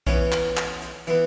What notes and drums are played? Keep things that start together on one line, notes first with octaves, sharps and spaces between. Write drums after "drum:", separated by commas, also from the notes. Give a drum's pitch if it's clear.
E3 B3 C#4, drum: kick, hi-hat
drum: clap
drum: clap
drum: hi-hat
E3 B3, drum: hi-hat